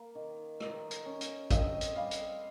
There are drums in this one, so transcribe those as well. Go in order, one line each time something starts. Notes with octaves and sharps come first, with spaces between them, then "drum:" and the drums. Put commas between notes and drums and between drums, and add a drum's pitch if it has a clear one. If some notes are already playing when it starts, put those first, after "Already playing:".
Already playing: A#3
D#3
D#3, drum: rim click
drum: hi-hat
C#4
drum: hi-hat
C4 D#5, drum: kick A1, hi-hat
drum: hi-hat
G3 F5
drum: hi-hat